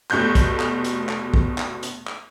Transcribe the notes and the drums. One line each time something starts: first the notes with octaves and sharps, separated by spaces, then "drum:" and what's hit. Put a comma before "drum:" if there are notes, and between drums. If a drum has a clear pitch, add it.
F1 B2 A3 F#6 G6, drum: clap
drum: kick, hi-hat
drum: clap
drum: hi-hat
drum: clap
drum: kick
drum: clap
drum: hi-hat
drum: clap